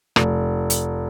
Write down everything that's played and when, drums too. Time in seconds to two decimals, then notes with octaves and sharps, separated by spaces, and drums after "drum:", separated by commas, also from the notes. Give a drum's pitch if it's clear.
0.16 F1, drum: rim click
0.70 drum: hi-hat